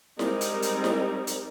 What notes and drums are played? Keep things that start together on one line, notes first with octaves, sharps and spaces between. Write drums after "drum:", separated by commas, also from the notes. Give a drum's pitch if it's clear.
G3 G#3 C4 D#4 A#4, drum: snare E4
drum: hi-hat
drum: hi-hat
drum: snare E4
drum: hi-hat